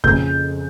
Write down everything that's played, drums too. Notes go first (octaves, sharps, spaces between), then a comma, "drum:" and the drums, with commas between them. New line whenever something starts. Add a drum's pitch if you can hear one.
F2 C#3 F3 G6, drum: kick